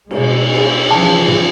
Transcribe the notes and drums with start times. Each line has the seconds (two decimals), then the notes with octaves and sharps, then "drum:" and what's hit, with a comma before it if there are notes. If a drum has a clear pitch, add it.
0.11 B2 G#3, drum: cymbal
0.54 drum: cymbal
0.91 C#3 E3 F3 A5
1.28 drum: tom